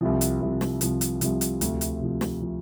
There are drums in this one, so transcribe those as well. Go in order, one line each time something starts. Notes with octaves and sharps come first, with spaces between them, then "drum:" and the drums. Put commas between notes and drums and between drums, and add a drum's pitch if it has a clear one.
C2 C3 F3
drum: hi-hat
C2 C3 F3
drum: snare
C2 C3 F3, drum: hi-hat
drum: hi-hat
C2 C3 F3, drum: hi-hat
drum: hi-hat
D2 C3 F3, drum: hi-hat
drum: hi-hat
D2 C3 F3
drum: snare
C3 F3